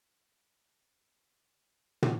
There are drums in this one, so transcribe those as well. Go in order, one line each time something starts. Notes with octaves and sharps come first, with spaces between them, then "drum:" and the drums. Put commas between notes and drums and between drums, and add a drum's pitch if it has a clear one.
D2 D3 G3 E5
F#4
drum: tom